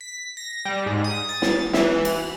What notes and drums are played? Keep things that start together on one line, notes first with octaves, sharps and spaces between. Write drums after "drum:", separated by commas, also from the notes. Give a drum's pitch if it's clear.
B6
A#6
G3
G#2
D#6
A6
drum: snare
E3, drum: snare
drum: cymbal